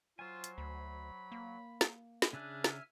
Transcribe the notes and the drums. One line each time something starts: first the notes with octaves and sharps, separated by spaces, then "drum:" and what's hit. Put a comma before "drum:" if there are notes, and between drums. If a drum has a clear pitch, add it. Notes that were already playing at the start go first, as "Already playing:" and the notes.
F#3 F4 C5 G#5
drum: hi-hat
D2 B5
A#3
drum: snare
drum: snare
C#3 D4 G#4 E5 G#5 F6 F#6
drum: snare